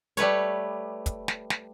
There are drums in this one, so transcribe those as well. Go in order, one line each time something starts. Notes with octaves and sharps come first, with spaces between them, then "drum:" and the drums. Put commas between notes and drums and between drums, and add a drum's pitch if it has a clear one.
G3 A3 B4 C#5, drum: hi-hat
drum: kick, hi-hat
drum: snare
drum: snare